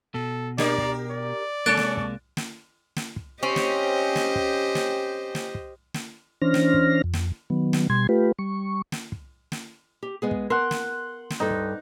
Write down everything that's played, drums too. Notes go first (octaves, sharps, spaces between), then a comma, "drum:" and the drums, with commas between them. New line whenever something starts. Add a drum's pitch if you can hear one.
B2 A4
D4 G4 A#4 D5, drum: snare
drum: kick
D5
C3 G#3 A#3 C#4 A4 F#6 A6 D7
drum: snare
drum: kick
drum: snare
drum: snare
drum: kick
C4 C#4 G4 C5 D#5
drum: snare
drum: snare
drum: kick
drum: snare
drum: snare
drum: kick
drum: snare
E3 C#4 D4 C5 F6 A#6
drum: snare
drum: kick
F2
drum: snare
D#3 F#3 B3
drum: snare
B2 G3 C6 G#6
A3 F4 G4 B4
G3 C#6
drum: snare
drum: kick
drum: snare
G4
G#3 B3 G#4
drum: kick
A#4 F#5 A5 C6
drum: snare
drum: snare
G2 C4 D#4 A4
drum: kick